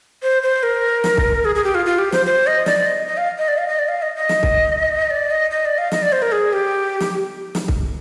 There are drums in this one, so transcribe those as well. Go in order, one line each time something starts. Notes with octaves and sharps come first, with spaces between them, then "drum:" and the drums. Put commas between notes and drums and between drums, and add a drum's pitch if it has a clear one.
C5
C5
A#4
drum: snare
drum: kick C2
G#4
G#4
G4
F4
F4
G4
C5, drum: snare
C5
D#5
D5, drum: snare
D#5
D#5
F5
D#5
D5
F5
D#5
D5
F5
D#5
D#5
drum: snare
drum: kick C2
D5
D#5
D#5
D5
F5
D#5, drum: snare
D5
C5
A#4
G#4
G4
drum: snare
drum: snare
drum: kick C2